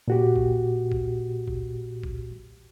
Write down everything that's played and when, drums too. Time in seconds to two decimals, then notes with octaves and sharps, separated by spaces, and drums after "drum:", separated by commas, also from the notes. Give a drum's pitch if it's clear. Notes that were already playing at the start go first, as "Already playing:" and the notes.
0.08 A#2 F#4 G4
0.36 drum: kick
0.92 drum: kick
1.48 drum: kick
2.03 drum: kick